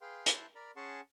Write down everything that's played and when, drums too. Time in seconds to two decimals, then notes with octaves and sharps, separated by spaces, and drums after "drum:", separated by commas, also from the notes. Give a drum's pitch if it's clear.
0.01 G#4 B4 F5 G5 C6
0.26 E4 A5 C6 F#6 G6, drum: hi-hat
0.55 A#4 D5 A#5 B5
0.76 C#4 G#4 F#5 A5 C6 C#6